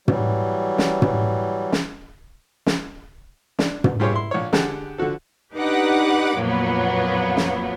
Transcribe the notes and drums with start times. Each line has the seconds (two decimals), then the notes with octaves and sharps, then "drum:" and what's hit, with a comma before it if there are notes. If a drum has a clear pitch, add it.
0.08 E3 F#3 G3, drum: tom
0.78 drum: snare
1.02 drum: tom
1.72 drum: snare
2.66 drum: snare
3.59 D4, drum: snare
3.84 drum: tom
4.00 G2 F4 G4 G#4 C5 C#5
4.13 E4 C6
4.31 A#1 C#5
4.53 D3 G4 G#4 F#5 A5, drum: snare
4.98 D3 F3 F#4 A4
5.55 D4 D#4 G4 B4 F#5 D6
6.40 F2 A#2 F3 F#3 A#3 B3
7.37 drum: snare